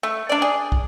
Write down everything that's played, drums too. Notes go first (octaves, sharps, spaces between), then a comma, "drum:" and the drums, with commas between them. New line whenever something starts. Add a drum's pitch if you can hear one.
A3
D4 D5
G#4
drum: kick